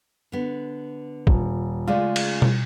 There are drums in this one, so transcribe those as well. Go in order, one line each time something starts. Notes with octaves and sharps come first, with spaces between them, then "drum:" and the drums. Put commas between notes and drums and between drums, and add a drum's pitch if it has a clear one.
D3 B3
D#1, drum: kick
C#3 G#3 A3 F4 D5
drum: cymbal
drum: tom B2